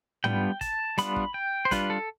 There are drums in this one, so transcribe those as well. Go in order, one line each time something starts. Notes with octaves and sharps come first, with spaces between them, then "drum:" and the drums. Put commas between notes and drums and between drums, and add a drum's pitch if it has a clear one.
G3 B3 D4 F4 G5, drum: tom
A5, drum: kick, hi-hat
G3 B3 D4 F4 B5, drum: hi-hat
drum: kick
G5
C5
G3 D4 F4 B4, drum: kick, hi-hat
A4